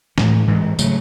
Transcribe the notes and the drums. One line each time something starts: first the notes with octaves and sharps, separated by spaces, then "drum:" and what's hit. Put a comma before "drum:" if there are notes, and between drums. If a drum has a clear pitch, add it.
A2 E3 G#3, drum: snare
G#2 E3 G#3
C#3 F#3 A3, drum: tambourine